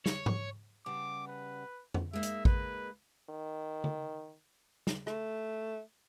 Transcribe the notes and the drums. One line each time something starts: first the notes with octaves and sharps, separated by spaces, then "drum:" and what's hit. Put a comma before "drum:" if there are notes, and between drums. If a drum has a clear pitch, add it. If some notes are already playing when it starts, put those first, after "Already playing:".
C#5, drum: snare
drum: tom G#2
C#3 G3 B3 D6
B4
drum: tom F2
G#3 A#3 D#4 E5
drum: hi-hat
B4, drum: kick A1
D#3
drum: tom D3
drum: snare
A3, drum: rim click